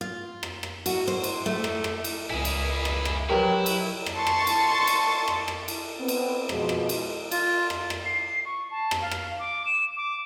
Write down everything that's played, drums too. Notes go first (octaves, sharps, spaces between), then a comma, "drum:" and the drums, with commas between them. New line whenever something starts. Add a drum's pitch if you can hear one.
F4
drum: rim click
drum: rim click
F#4, drum: cymbal
C5
drum: cymbal
A3
drum: rim click
drum: rim click
drum: cymbal
C#2 E4 G#4 G#5
drum: cymbal
drum: rim click
drum: rim click
F#3 E4 G4 A#4 B4 C#5 G5 A#5
drum: cymbal
drum: rim click
A5 C6 C#6 A6
drum: rim click
drum: cymbal
drum: cymbal
drum: rim click
drum: rim click
drum: cymbal
B3 C4
drum: cymbal
B2 F3 G#3, drum: rim click
drum: rim click
drum: cymbal
F4, drum: cymbal
drum: rim click
drum: rim click
C7
C#6
A5
drum: rim click
F5
drum: rim click
D6
E7
D6